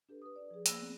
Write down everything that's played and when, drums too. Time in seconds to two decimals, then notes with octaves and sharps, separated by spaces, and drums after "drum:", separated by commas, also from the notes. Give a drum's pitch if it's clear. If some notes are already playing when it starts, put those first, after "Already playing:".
0.09 D4 G4 A4 B4
0.22 B4 D#6
0.36 D4 D5
0.51 F3 G#4
0.66 A#3 B5 E6 F#6 A#6, drum: hi-hat
0.78 A3 B3 C4